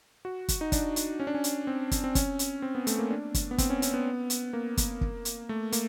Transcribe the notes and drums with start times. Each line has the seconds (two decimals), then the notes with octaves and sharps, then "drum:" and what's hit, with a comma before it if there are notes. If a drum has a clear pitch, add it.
0.25 F#4
0.48 drum: kick, hi-hat
0.61 D#4
0.72 D4, drum: kick, hi-hat
0.96 drum: hi-hat
1.20 C#4
1.27 D4
1.34 C#4
1.44 drum: hi-hat
1.67 C4
1.91 drum: kick, hi-hat
2.04 C4
2.15 C#4, drum: kick, hi-hat
2.39 drum: hi-hat
2.62 C4
2.75 B3
2.87 A3, drum: hi-hat
2.99 A#3
3.11 D4
3.34 drum: kick, hi-hat
3.51 B3
3.58 C4, drum: kick, hi-hat
3.70 C#4
3.82 C#4, drum: hi-hat
3.94 B3
4.30 drum: hi-hat
4.53 A#3
4.77 drum: kick, hi-hat
5.01 drum: kick
5.25 drum: hi-hat
5.49 A3
5.72 A#3, drum: hi-hat